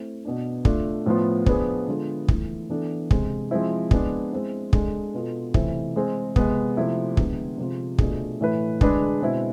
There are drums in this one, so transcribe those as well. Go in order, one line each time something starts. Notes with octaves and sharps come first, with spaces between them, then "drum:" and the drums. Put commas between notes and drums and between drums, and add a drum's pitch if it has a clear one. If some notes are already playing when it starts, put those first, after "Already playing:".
Already playing: A3 C4 E4
B2 B3 D4
A3 D4 F4, drum: kick
A2 F3 B3 F4
F3 B3 D4 G#4 B4, drum: kick
D3 G#3 B3 F4 A4
E3 A3 E4, drum: kick
E3 B3 D4 A4
C3 G#3 C4, drum: kick
F3 G#3 C4 E4
G#3 B3 D4, drum: kick
G#3 C4 E4
G#3 D4 A4, drum: kick
B2 B3 F4 A4
C3 E3 A3 C4 E4, drum: kick
G#3 C4 G#4
C3 G#3 B3, drum: kick
C3 F3 A3 E4
D3 G#3 B3, drum: kick
C3 F3 G#3 C4 F4
B2 A3 D4 F4 G#4, drum: kick
A2 E3 A3 E4 B4
D3 G#3 D4 G#4 B4, drum: kick
B2 G#3 C4 E4